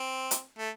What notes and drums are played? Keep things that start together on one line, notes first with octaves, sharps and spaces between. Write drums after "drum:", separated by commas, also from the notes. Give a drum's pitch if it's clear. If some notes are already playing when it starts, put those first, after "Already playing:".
Already playing: C4
drum: hi-hat
A3